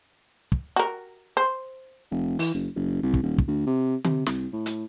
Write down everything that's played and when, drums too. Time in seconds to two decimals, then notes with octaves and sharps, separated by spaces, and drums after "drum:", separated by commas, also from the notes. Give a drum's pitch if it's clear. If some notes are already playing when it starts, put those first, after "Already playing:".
0.52 drum: kick
0.76 F#4 A#4
1.37 C5
2.11 F1
2.39 E3, drum: open hi-hat
2.54 F#1
2.76 F#1
3.03 C2
3.14 drum: kick
3.23 D#1
3.38 drum: kick
3.48 D2
3.67 C3
4.04 C3, drum: tom D3
4.26 C2, drum: snare
4.53 A2
4.66 drum: hi-hat